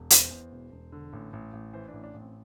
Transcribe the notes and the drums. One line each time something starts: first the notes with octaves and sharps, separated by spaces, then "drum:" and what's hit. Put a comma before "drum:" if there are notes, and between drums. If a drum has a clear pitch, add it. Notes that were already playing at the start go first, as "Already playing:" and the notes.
Already playing: E1
E2, drum: hi-hat
C5
E2
E1
E1
D3
A1
A1
A1
E3 C5
A1 D4
D4
A1
C4